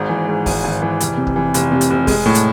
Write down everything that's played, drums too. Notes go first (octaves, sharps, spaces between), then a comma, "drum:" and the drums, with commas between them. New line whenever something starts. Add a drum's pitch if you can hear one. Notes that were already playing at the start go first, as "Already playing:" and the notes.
Already playing: G#1 G#2
E3
G#2
G#1, drum: kick, open hi-hat
G#1
E3
F1, drum: hi-hat
C3
drum: kick
E3
F1, drum: hi-hat
C3
drum: hi-hat
F1
G#3, drum: kick, open hi-hat
A2
drum: hi-hat